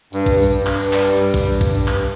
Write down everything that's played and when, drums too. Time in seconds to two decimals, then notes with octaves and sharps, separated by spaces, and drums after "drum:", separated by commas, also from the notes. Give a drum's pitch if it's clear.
0.13 G2, drum: tambourine
0.26 drum: kick A#1, tambourine
0.40 G2, drum: tambourine
0.53 drum: tambourine
0.67 G2, drum: clap
0.80 drum: tambourine
0.93 G3, drum: clap
1.07 drum: tambourine
1.20 G2, drum: tambourine
1.34 drum: kick A#1, tambourine
1.47 G2, drum: tambourine
1.61 drum: kick A#1, tambourine
1.75 G2, drum: tambourine
1.88 drum: clap